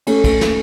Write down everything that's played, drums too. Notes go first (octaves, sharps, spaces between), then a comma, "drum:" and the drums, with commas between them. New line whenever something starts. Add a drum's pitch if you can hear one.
A3 C#4, drum: cymbal
drum: kick, cymbal
drum: snare